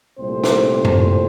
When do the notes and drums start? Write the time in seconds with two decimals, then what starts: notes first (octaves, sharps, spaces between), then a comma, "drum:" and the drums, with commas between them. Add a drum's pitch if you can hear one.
0.19 C2 A#2 A3 C4 C5
0.44 drum: snare
0.85 C5, drum: tom F#2